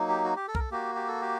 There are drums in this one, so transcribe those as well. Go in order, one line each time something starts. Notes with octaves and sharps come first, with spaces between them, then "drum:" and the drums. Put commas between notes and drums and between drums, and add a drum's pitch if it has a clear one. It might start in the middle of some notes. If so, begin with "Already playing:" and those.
Already playing: F#3 A#3 D#4
G4
F#4
G4
A4
A#4, drum: kick B1
A4
A#3 F#4 G4
G4
A4
G4